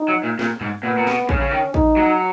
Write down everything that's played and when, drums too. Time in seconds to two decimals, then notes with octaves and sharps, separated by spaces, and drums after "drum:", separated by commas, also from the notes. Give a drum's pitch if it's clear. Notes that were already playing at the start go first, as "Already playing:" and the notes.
Already playing: D#4
0.08 F#3
0.23 A#2
0.39 A#2, drum: snare
0.61 G#2, drum: tom G2
0.83 A#2 B3
0.97 A#2
1.07 B2, drum: snare
1.29 C#3 C#4, drum: kick
1.40 C#3
1.51 D#3
1.74 D#4, drum: kick
1.97 F#3